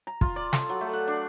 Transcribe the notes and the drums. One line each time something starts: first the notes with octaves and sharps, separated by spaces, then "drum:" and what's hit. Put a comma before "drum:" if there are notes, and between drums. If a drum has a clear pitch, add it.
A#5
F4, drum: kick
D5
A4, drum: snare
F#3
A3
F#5
D4